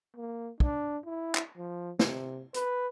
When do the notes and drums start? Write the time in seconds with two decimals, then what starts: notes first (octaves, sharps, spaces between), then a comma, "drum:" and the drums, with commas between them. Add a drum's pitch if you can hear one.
0.16 A#3
0.60 D4, drum: kick
1.05 E4
1.35 drum: clap
1.57 F3
1.99 C3, drum: snare
2.54 B4, drum: hi-hat